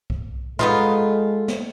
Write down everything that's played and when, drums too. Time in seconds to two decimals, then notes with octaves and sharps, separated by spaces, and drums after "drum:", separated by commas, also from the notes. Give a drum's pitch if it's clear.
0.10 drum: kick B1
0.59 G#3 B3 D#4 F4 A4, drum: tom
1.48 drum: snare